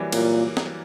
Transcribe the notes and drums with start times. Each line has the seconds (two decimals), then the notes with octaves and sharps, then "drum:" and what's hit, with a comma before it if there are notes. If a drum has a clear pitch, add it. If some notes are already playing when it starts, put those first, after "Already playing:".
Already playing: E3 F#3 G3 A#3
0.12 A#2 F#3 A#3, drum: cymbal
0.57 drum: snare